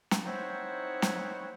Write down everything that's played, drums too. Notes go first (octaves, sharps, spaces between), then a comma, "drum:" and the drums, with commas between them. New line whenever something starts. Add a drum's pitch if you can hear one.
drum: snare
C4 D#4 E4 C5 C#5 F#5
drum: snare